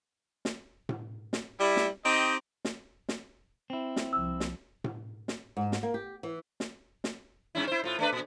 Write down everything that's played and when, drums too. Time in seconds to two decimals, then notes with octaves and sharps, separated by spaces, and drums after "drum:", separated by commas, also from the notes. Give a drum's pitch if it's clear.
0.45 drum: snare
0.89 drum: tom A2
1.33 drum: snare
1.59 G3 E4
1.77 drum: snare
2.05 C4 D#4 G4 D#5
2.65 drum: snare
3.09 drum: snare
3.70 C4 E4
3.96 drum: snare
4.13 C2 F3 E6
4.40 drum: snare
4.84 drum: tom A2
5.28 drum: snare
5.57 G#2
5.72 drum: snare
5.83 A#3
5.94 G4
6.23 E3
6.60 drum: snare
7.04 drum: snare
7.55 G2 C#4 E4
7.67 E4 C5
7.84 A2 F4
7.99 A3 D4 B4
8.12 A#2